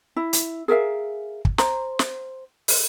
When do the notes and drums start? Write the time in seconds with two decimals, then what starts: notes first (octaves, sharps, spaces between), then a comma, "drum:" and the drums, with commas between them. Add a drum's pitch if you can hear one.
0.16 E4
0.33 drum: hi-hat
0.68 G#4 A#4 E5 F5
1.45 drum: kick
1.58 C5 A#5, drum: snare
1.99 drum: snare
2.68 drum: open hi-hat